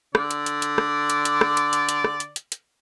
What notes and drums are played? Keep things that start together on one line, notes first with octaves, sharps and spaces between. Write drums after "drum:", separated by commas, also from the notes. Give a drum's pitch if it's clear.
D3 D5, drum: rim click
drum: hi-hat
drum: hi-hat
drum: hi-hat
drum: rim click
drum: hi-hat
drum: hi-hat
drum: rim click
drum: hi-hat
drum: hi-hat
drum: hi-hat
drum: rim click
drum: hi-hat
drum: hi-hat
drum: hi-hat